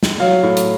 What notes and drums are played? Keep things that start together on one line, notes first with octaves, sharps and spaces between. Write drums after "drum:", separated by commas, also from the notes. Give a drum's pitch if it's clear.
drum: snare
F#3 F5
A2
drum: hi-hat